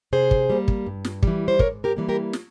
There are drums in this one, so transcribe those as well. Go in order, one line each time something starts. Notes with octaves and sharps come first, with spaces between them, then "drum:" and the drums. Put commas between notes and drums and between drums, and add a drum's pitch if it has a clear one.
C3 G#4 C5
drum: kick
G3 A#3
drum: kick
G2
drum: snare
E3 G3, drum: kick
C5
G#2 A#4 C#5, drum: kick
G4 A#4
E3 G3 A#3
G4 A#4
drum: snare